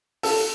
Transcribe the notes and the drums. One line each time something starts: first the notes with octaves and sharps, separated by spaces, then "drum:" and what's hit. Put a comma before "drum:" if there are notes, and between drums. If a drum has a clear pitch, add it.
A4, drum: open hi-hat